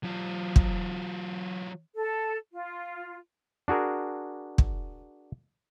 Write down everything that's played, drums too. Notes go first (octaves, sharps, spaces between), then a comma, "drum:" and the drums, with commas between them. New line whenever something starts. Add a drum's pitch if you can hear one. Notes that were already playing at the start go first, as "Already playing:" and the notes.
F#3 F4
drum: kick
A4
F4
D4 F#4 G#4 A#4
drum: kick